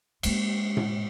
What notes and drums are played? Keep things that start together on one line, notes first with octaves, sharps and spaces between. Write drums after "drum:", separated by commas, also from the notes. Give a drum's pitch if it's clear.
G#3 A#3, drum: cymbal
drum: tom A2